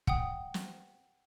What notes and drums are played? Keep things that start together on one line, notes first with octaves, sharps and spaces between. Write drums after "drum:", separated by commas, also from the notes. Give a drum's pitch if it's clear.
F#5 G5 D#6, drum: kick
drum: snare